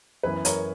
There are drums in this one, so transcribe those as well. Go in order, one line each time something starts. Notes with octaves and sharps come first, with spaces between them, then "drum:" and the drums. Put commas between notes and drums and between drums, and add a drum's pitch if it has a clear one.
F#2 E3 B3 E4 B4
A#4 C#5, drum: hi-hat